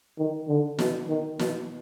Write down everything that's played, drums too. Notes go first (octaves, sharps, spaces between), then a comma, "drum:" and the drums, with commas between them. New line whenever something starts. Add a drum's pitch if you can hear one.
D#3
D3
B2, drum: snare
D#3
B2, drum: snare